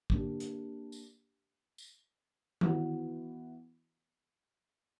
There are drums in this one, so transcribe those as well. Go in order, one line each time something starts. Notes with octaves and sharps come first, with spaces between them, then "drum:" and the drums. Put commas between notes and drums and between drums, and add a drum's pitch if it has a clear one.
A#3 D4 G4, drum: kick
drum: hi-hat
drum: tambourine
drum: tambourine
E3 B3 F#4, drum: tom D#3